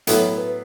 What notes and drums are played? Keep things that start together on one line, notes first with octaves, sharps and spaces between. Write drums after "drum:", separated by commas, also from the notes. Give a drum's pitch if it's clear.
A2 F#3 B3 E4 A4, drum: hi-hat
B4